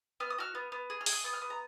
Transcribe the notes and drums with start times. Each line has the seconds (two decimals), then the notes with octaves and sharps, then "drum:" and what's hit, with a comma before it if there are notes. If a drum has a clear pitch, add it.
0.20 B3 F6
0.30 D#6
0.38 F#4 F6
0.55 B3
0.72 B3
0.90 G#4
1.01 F6
1.06 G#4, drum: open hi-hat
1.12 D#6
1.24 B3 D#6
1.33 F6
1.41 B3 D#6
1.50 A#5